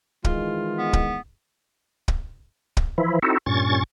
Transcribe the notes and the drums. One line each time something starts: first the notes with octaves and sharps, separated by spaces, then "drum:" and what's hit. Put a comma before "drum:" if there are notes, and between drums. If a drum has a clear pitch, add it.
D#3 E3 G#3 F4, drum: kick
B3
drum: kick
drum: kick
drum: kick
E3 F3 E4
C4 D#4 E4 F#4 A4
G2 A#2 C#4 C#6 A6